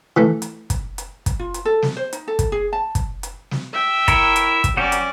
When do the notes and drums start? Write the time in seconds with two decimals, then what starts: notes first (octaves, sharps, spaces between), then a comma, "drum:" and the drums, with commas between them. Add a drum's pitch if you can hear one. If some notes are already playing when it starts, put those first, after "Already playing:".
0.17 E3 A3
0.42 drum: hi-hat
0.70 drum: kick, hi-hat
0.98 drum: hi-hat
1.26 drum: kick, hi-hat
1.39 F4
1.54 drum: hi-hat
1.65 A4
1.82 drum: snare
1.97 C5
2.13 D#4, drum: hi-hat
2.28 A4
2.39 drum: kick, hi-hat
2.52 G#4
2.73 A5
2.95 drum: kick, hi-hat
3.23 drum: hi-hat
3.51 drum: snare
3.73 E5 G5
4.08 E4 A#4 C#5, drum: kick, hi-hat
4.36 drum: hi-hat
4.64 drum: kick, hi-hat
4.77 F#3 C#4 F#4 G4 D5
4.92 drum: hi-hat